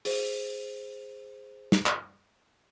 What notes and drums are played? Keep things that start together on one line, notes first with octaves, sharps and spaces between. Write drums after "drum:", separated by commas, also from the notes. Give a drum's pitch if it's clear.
G#4 C5, drum: open hi-hat
drum: snare
drum: clap